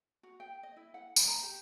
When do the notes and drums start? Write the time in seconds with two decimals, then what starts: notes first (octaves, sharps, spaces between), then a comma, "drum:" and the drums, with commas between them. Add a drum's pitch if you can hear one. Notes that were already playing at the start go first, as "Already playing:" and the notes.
0.23 F#4
0.40 G5
0.63 D#5
0.77 E4
0.94 F#5
1.16 B5, drum: tambourine
1.28 A#5
1.43 G4